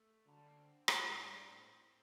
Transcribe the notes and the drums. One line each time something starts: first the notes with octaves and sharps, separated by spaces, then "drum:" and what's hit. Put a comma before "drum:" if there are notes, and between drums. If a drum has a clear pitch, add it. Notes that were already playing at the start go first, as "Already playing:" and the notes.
Already playing: A3
D3 F#3
G3
A#3
C4
G2 C4, drum: rim click
A#3
C4
D4
A2 C4